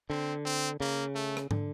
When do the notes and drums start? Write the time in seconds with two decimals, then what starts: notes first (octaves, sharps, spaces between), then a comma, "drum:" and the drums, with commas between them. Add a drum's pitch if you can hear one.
0.10 D3 C4
0.45 C4
0.80 C#3 A#3
1.15 A3
1.37 drum: rim click
1.51 D3, drum: tom